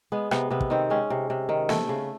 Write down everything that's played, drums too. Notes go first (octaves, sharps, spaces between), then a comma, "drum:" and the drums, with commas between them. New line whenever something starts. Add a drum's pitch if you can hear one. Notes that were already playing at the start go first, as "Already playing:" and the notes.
G#3 B3
C3 B3, drum: rim click
C3 B3
drum: kick
D#3 C4
G#3 C#4
C3
C3
D#3
A3, drum: snare
C#3